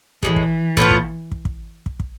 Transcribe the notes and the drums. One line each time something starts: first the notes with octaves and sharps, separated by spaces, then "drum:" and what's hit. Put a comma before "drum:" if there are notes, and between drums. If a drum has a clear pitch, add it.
A2 E3 F3 G#3, drum: kick
drum: kick
A2 F3 B3 F4, drum: kick
drum: kick
drum: kick
drum: kick
drum: kick
drum: kick